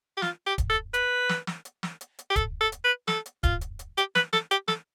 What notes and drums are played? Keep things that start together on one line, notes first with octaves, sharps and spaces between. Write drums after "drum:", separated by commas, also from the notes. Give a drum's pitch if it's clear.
G4
F4, drum: snare
G4
drum: kick, hi-hat
A4
B4, drum: hi-hat
drum: snare
drum: snare
drum: hi-hat
drum: snare
drum: hi-hat
drum: hi-hat
G4
A4, drum: kick, hi-hat
A4
drum: hi-hat
B4
A4, drum: snare
drum: hi-hat
F4, drum: kick, hi-hat
drum: hi-hat
drum: hi-hat
G4, drum: hi-hat
B4, drum: snare
A4, drum: snare
G4, drum: hi-hat
A4, drum: snare